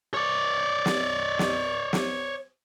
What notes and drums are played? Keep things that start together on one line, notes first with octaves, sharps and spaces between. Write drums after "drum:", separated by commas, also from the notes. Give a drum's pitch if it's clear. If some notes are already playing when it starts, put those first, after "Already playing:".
C#5 D5
drum: snare
drum: snare
drum: snare